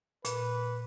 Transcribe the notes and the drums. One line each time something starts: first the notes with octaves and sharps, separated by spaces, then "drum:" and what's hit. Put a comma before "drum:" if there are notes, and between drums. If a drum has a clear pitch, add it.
A#2 B4, drum: hi-hat